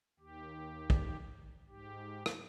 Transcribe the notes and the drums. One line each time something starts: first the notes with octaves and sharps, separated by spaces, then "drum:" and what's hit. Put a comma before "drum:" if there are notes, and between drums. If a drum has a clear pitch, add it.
D#2 G4
drum: kick
G#2 G4
drum: rim click